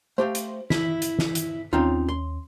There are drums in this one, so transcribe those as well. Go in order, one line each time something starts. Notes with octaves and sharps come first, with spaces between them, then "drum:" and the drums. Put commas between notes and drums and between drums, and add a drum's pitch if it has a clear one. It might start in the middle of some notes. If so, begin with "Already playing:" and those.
A3 G4 C5 F5
drum: hi-hat
E4 E5 B6, drum: snare
drum: hi-hat
drum: snare
drum: hi-hat
D#2 C4 C#4 D#4 F4
C6